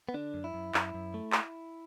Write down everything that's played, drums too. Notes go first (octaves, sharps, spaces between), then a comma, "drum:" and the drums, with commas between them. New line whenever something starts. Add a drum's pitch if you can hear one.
B3
D3 D4
F#2
E4
F#2
F#2, drum: clap
F#2
A3
drum: clap